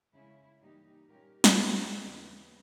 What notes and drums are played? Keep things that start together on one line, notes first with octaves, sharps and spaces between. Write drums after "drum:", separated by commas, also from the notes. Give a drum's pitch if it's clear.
C#3 G#3 C#4 E4
G2 E3 G3 A#3 D#4 G4
A#2 G3 C#4 G4 A#4
drum: snare
C#3 G3 B3 G#4 B4
D#2 C#3 E3 G#3 B3 B4 D#5